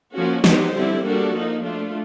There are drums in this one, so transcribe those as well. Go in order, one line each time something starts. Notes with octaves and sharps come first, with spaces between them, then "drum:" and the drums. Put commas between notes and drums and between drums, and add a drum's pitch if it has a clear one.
F3 A#3 C#4 F#4
F#3 B3 D#4 G4 C5, drum: snare
D3 G3 C4 E4
G3 A#3 D4 F#4 A4
F3 A#3 D#4
A3 D4 F4